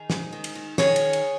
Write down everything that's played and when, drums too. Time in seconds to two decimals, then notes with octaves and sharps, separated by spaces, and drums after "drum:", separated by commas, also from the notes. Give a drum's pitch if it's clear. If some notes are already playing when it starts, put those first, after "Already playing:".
Already playing: D#3 D#4 G#4
0.10 G#2, drum: snare
0.33 D#3
0.44 drum: cymbal
0.55 D#3
0.78 D#3 G#4 C#5, drum: snare
0.96 drum: cymbal
1.13 drum: cymbal